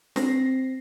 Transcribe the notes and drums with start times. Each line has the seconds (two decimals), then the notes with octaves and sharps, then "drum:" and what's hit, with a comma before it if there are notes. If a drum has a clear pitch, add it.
0.16 C4 A#6 C7, drum: snare